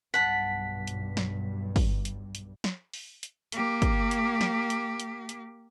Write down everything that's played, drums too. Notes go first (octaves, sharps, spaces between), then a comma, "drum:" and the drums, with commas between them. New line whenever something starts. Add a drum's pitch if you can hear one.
B1 G2 F#5 A5 B6
drum: hi-hat
drum: snare
drum: kick, open hi-hat
drum: hi-hat
drum: hi-hat
drum: snare
drum: open hi-hat
drum: hi-hat
A#3 G4, drum: hi-hat
drum: kick, hi-hat
drum: hi-hat
drum: snare
drum: hi-hat
drum: hi-hat
drum: hi-hat